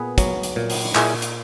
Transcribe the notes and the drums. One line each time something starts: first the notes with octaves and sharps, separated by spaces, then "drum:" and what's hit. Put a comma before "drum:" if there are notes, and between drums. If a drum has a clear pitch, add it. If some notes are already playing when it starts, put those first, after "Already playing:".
Already playing: A#2 B3 G#4 B4
F#3, drum: kick, hi-hat
drum: hi-hat
A#2
drum: open hi-hat
A#2 E4 G#4, drum: clap
drum: hi-hat